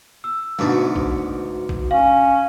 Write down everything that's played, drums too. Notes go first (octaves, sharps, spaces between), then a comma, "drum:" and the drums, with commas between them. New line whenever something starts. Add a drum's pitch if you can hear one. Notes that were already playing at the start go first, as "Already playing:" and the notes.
E6
D2 G#2 B2, drum: snare
drum: kick A#1
drum: kick A#1
C#4 F5